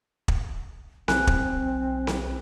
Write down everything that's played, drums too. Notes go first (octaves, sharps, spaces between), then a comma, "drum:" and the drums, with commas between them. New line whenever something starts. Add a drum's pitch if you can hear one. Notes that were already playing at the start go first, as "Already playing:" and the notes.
drum: kick
B1 C4 G#5 F#6, drum: snare C4
drum: kick
drum: snare C4